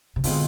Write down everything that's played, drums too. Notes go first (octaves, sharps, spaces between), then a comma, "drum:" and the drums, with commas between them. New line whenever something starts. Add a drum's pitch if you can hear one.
C3
B2 D3 G#3 C4 F4, drum: open hi-hat